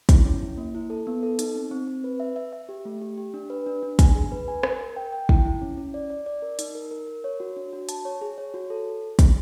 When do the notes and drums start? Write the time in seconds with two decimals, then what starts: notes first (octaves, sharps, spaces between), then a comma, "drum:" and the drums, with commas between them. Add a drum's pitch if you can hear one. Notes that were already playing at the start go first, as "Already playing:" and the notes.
0.09 E4, drum: kick, hi-hat
0.25 C#4
0.42 E4
0.58 A#3
0.75 E4
0.90 A4
1.07 B3
1.23 A4
1.39 D#4, drum: hi-hat
1.55 C4
1.71 C4
1.88 C4
2.04 B4
2.20 E5
2.36 E5
2.53 E5
2.69 G4
2.85 A3
3.02 G4
3.18 G4
3.34 D4
3.50 B4
3.66 D4
3.83 D4
3.99 G#5, drum: kick, hi-hat
4.15 G#4
4.32 B4
4.48 G#5
4.63 A#4, drum: rim click
4.81 A#4
4.96 G5
5.12 G5
5.29 E4, drum: kick
5.45 E4
5.62 C#4
5.78 C#4
5.94 D5
6.10 D5
6.26 D5
6.42 A#4
6.59 D#4, drum: hi-hat
6.75 A#4
6.91 A#4
7.07 A#4
7.24 C#5
7.40 F#4
7.56 D4
7.73 F#4
7.89 A5, drum: hi-hat
8.05 C#5
8.21 G#4
8.38 C#5
8.54 F#4
8.70 A4
9.19 drum: kick, hi-hat